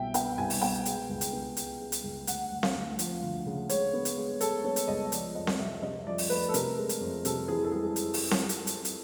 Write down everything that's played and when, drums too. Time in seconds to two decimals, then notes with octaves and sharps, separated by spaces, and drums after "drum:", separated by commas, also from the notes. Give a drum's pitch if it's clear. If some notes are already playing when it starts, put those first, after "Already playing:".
Already playing: C2 B2 E5 G5
0.14 B3 G5, drum: hi-hat
0.38 C2 G#5
0.50 drum: open hi-hat
0.62 B3 G5
0.85 G#3, drum: hi-hat
1.09 C#2
1.21 drum: hi-hat
1.33 B3
1.57 G#3, drum: hi-hat
1.80 G#3
1.92 drum: hi-hat
2.04 C#2
2.27 D2 F#5, drum: hi-hat
2.51 D2
2.63 F5, drum: snare C4
2.75 D2
2.99 F3, drum: hi-hat
3.22 D2
3.46 C#3
3.69 G#3 C#5, drum: hi-hat
3.93 B3
4.05 drum: hi-hat
4.17 G#3
4.41 G#3 A4, drum: hi-hat
4.64 B3 C#5
4.76 drum: hi-hat
4.88 C#2 D#5
5.12 F3 D5, drum: hi-hat
5.35 F2 D#5
5.47 drum: snare C4
5.59 C3 E5
5.83 C3 D#5
6.07 F3 D5
6.18 drum: open hi-hat
6.30 A3 B4
6.49 A4
6.54 C3 A#4, drum: hi-hat
6.77 G#3
6.89 drum: hi-hat
7.01 F2
7.25 C3 A4, drum: hi-hat
7.48 E3 G#4
7.65 A4
7.72 G#3 G#4
7.96 drum: hi-hat
8.14 drum: open hi-hat
8.31 drum: snare C4
8.49 drum: hi-hat
8.67 drum: hi-hat
8.85 drum: hi-hat